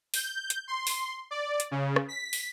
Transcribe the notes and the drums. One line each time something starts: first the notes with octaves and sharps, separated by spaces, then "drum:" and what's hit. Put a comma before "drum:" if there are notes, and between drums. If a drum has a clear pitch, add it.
G6, drum: open hi-hat
drum: hi-hat
C6
drum: open hi-hat
D5
drum: hi-hat
C#3
drum: rim click
B6
drum: open hi-hat